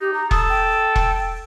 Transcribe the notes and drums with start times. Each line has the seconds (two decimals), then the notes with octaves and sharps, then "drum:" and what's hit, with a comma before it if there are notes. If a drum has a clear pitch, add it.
0.01 D#4 G4
0.14 A#5
0.31 A4 D#6, drum: kick E1
0.49 G5
0.96 drum: kick E1